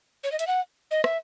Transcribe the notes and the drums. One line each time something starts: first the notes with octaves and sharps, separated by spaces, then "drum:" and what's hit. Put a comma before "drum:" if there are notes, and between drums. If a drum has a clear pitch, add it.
C#5
D#5
E5, drum: hi-hat
F#5
D#5
E5, drum: rim click